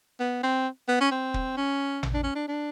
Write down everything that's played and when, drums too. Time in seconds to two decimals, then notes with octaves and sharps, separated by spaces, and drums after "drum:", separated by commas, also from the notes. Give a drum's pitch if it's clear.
0.20 B3
0.43 C4
0.88 B3
1.01 C#4
1.11 C4
1.34 drum: kick
1.57 C#4
2.03 drum: tom A1
2.14 D4
2.23 C#4
2.35 D4
2.48 D4